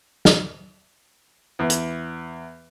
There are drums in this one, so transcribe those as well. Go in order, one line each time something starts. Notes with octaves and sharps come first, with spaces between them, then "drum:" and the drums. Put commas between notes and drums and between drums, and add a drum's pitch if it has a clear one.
drum: snare
E2
drum: hi-hat